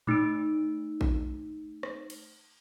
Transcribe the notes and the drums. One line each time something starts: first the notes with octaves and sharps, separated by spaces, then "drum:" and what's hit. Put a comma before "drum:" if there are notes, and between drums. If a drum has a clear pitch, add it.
A3 D#4 E6 D7, drum: tom A2
drum: kick A1
drum: rim click
drum: cymbal